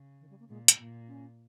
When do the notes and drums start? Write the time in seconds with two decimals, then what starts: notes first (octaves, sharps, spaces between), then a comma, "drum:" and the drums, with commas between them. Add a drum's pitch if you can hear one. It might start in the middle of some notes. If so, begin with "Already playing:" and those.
Already playing: C#3
0.21 D#3
0.30 G3
0.40 A#3
0.49 A#2 G#3
0.68 drum: hi-hat
0.78 A#2 A#3
1.08 C#4